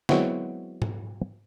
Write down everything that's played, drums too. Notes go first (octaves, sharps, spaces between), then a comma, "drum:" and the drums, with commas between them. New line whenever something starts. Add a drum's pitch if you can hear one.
F#3 G#3 B3 C4 E4 F#4, drum: snare
drum: tom G#2